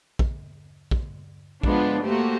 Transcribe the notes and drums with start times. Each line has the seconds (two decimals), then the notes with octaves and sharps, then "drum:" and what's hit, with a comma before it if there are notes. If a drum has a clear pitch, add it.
0.19 drum: kick A#1
0.91 drum: kick A#1
1.63 F3 G#3 B3 D4 F4, drum: kick A#1
2.05 A3 A#3 F#4 G4 C5